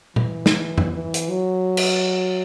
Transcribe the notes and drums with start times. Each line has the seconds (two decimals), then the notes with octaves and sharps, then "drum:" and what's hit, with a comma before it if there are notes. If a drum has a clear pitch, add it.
0.16 E3, drum: tom A#2
0.46 drum: snare
0.78 drum: tom F2
0.93 E3
1.14 drum: hi-hat
1.30 F#3
1.77 drum: cymbal